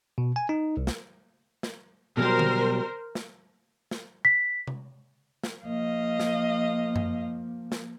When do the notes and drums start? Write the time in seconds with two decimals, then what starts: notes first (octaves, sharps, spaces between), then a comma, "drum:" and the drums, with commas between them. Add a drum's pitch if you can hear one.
0.18 B2
0.36 G#5
0.49 D#4
0.77 C2
0.87 drum: snare
1.63 drum: snare
2.17 B2 F#3 G3 A#4 C5
2.39 drum: tom D3
3.15 drum: snare
3.91 drum: snare
4.25 B6
4.67 drum: tom C3
5.44 drum: snare
5.66 F3 A#3 D#5 F5
6.20 drum: snare
6.96 drum: tom F#2
7.72 drum: snare